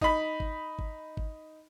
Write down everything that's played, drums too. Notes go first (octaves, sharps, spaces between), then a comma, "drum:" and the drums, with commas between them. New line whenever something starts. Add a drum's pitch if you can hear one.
D#4 B5, drum: kick G#1
drum: kick G#1
drum: kick G#1
drum: kick G#1